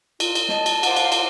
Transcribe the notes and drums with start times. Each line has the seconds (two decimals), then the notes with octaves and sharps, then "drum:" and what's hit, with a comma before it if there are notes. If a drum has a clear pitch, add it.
0.20 F4, drum: cymbal
0.35 drum: cymbal
0.48 D#5 A5, drum: snare
0.66 drum: cymbal
0.83 C5 F5 F#5 D6, drum: cymbal
0.96 drum: cymbal
1.12 drum: cymbal